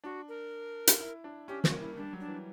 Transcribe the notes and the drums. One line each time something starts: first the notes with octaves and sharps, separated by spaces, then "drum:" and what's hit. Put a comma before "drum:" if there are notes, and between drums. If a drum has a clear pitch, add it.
D4 F#4
A#4
drum: hi-hat
E4
D4
C#4 G4
G3 F#4, drum: snare
A#3
E4
G3 D4
F#3
D4
E3